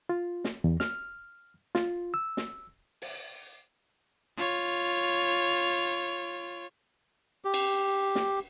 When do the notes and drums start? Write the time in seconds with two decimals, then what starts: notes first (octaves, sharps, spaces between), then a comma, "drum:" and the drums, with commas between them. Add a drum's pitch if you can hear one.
0.09 F4
0.44 drum: snare
0.64 E2
0.80 F6, drum: snare
1.75 F4, drum: snare
2.14 E6
2.37 drum: snare
3.02 drum: open hi-hat
4.37 F4 C#5
7.45 G4
7.54 drum: cymbal
8.15 drum: snare